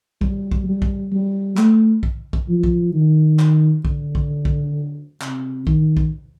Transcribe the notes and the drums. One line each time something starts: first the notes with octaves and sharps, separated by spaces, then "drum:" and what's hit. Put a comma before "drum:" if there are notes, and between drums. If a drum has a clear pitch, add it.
G3, drum: kick
drum: kick
G3
drum: kick
G3
A3, drum: clap
drum: kick
drum: kick
F3
drum: kick
D#3
drum: clap
D3, drum: kick
drum: kick
drum: kick
C3, drum: clap
D#3, drum: kick
drum: kick